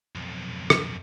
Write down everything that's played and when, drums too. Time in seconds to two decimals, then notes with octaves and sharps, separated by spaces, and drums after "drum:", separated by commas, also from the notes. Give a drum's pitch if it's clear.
0.15 B1 F2
0.70 drum: rim click